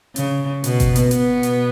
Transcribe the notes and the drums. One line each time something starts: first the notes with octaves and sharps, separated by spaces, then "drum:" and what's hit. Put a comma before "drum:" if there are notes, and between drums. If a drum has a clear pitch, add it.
C#3, drum: hi-hat
B2 B3, drum: hi-hat
drum: kick G1, hi-hat
drum: hi-hat
B2 B3, drum: hi-hat
drum: hi-hat